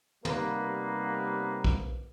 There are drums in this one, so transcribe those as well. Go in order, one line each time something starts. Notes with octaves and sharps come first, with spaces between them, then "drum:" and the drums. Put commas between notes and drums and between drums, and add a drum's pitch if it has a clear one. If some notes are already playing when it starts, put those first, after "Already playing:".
C3 G3 A#3 B3 D#4 B4, drum: tom
drum: kick B1